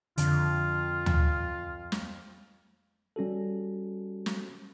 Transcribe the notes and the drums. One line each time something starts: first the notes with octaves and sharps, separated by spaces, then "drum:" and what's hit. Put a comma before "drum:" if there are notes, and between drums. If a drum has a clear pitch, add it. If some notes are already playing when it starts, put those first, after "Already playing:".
F2 D3 F4, drum: hi-hat
drum: tom
drum: snare
G3 C#4 F#4 A4
drum: snare